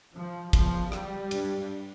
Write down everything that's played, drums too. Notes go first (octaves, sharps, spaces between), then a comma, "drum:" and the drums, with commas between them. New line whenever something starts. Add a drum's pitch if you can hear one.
F3
E2 C#3 F3, drum: kick, cymbal
G3, drum: rim click
G2, drum: cymbal